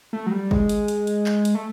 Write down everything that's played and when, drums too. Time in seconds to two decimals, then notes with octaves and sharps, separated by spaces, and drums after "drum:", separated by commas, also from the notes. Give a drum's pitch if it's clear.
0.13 A3
0.26 F#3
0.31 G3
0.51 G#3, drum: kick
0.69 drum: hi-hat
0.88 drum: hi-hat
1.07 drum: hi-hat
1.26 drum: clap
1.45 drum: hi-hat
1.55 A3